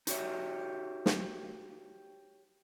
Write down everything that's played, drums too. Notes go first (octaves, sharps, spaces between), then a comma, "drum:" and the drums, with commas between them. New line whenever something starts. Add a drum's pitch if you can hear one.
D#4 F#4 G4 C#5 E5, drum: hi-hat
drum: snare